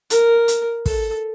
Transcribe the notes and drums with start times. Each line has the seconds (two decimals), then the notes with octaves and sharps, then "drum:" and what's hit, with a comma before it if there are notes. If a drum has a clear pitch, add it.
0.10 A#4, drum: hi-hat
0.48 drum: hi-hat
0.86 A4, drum: kick, open hi-hat